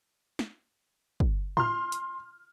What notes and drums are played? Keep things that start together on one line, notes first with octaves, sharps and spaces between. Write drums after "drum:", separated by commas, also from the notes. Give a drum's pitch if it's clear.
drum: snare
drum: kick
C6 F6, drum: tom A2
drum: hi-hat